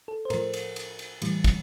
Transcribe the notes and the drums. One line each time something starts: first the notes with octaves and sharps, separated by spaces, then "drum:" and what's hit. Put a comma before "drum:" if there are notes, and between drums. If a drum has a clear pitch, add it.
A4
C5
A2 F3 A#4, drum: cymbal
drum: cymbal
drum: cymbal
drum: cymbal
A2 E3 G3, drum: cymbal
drum: kick, cymbal